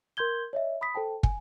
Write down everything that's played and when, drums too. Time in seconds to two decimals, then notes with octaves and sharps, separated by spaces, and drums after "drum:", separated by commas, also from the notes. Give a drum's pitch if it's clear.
0.17 A#4 C6 G6 G#6 G7
0.53 C#5 D#5 E5
0.81 B5 D#6 B6
0.94 A4 C5 G5 A5
1.23 G#5, drum: kick